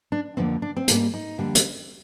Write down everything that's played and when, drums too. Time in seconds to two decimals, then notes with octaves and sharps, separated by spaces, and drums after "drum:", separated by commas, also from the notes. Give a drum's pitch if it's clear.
0.12 D4
0.37 F2 D3 F3 A#3 C4
0.62 D4
0.76 C4
0.88 G#2 G3 A#3 D4, drum: hi-hat
1.14 D#4
1.38 F2 D3 G3 A#3
1.55 drum: hi-hat